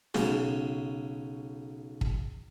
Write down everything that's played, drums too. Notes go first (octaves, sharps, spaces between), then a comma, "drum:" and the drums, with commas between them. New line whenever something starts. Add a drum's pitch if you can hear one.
B1 C#3, drum: snare
drum: kick